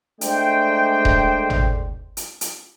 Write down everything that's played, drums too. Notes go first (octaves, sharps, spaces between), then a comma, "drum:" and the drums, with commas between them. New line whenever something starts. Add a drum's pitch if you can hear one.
G#3 A3 D4 C5 D5 G5, drum: hi-hat
drum: kick D#1
drum: tom G#1
drum: hi-hat
drum: hi-hat